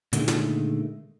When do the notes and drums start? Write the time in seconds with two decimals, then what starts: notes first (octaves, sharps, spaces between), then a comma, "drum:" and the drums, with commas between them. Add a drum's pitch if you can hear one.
0.13 A#2 D3 D#3 F#3 G#3 A3, drum: hi-hat
0.28 drum: snare